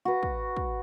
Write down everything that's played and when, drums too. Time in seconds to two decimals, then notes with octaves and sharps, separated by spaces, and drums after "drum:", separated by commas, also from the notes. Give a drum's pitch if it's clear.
0.05 F#4 B4
0.23 drum: kick
0.57 drum: kick